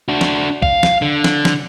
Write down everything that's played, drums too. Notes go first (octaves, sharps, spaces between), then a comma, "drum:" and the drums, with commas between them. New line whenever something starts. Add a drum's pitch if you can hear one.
D4 F#4
drum: snare
F5, drum: kick
drum: snare
D3
drum: snare
drum: snare